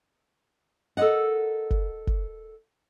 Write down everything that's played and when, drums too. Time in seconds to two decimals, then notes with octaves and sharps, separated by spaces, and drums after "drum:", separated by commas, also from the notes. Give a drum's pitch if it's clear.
0.97 A4 A#4 D5 D#5 F#5
1.71 drum: kick
2.07 drum: kick